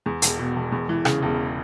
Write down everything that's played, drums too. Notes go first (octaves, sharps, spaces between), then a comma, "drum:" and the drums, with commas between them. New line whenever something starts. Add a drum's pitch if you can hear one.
E2
E1, drum: hi-hat
B2
E1
E2
E3
C#3, drum: rim click
E1